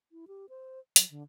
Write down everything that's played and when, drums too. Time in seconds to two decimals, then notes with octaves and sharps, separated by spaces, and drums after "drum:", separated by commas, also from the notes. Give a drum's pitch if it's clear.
0.12 E4
0.28 G4
0.49 C5
0.96 F#3, drum: hi-hat
1.10 D3